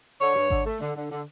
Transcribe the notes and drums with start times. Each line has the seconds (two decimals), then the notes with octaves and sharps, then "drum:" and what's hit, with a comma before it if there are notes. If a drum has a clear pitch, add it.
0.21 D3 C#5
0.35 G2
0.50 D3, drum: kick G#1
0.65 A3
0.81 D3
0.96 D3
1.11 D3